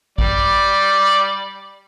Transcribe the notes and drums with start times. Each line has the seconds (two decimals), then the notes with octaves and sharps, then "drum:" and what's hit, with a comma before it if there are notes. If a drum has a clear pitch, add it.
0.18 G3 D5, drum: kick A1